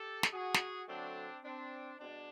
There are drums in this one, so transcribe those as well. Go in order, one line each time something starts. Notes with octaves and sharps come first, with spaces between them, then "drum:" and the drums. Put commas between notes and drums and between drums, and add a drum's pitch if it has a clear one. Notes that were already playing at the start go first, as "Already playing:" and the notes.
Already playing: G4 A4
drum: snare
F#4 G#4
drum: snare
D3 F#3 A3 C4 D4
C4 D4
B2 G#3 C4 D4